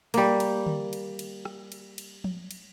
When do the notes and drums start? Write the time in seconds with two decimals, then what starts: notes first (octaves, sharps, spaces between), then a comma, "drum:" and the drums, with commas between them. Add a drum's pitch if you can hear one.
0.14 G3 A#3, drum: cymbal
0.40 drum: cymbal
0.66 drum: tom D3
0.93 drum: cymbal
1.19 drum: cymbal
1.45 drum: rim click
1.72 drum: cymbal
1.98 drum: cymbal
2.24 drum: tom F3
2.51 drum: cymbal